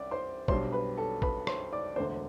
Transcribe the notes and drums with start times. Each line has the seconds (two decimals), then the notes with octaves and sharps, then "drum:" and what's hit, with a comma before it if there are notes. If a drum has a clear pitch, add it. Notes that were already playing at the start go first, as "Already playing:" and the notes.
Already playing: C2 D5 D6
0.11 C5 C6
0.48 B1 B2 G3 D4 C5 C6, drum: kick
0.73 B4 B5
0.97 A4 A5
1.22 B4 B5, drum: kick
1.47 C5 C6, drum: rim click
1.73 D5 D6
1.96 E1 D2 D3 C5 C6